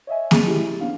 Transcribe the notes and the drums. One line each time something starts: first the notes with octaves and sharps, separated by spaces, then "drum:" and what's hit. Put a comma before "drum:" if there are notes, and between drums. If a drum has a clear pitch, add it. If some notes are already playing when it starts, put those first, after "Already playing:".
C#5 D#5 E5 G#5
F#3 G#4 A6 D#7, drum: snare A#3
A3 C#4 E4 G4 G#4
E4
B3 C#4 D4 F5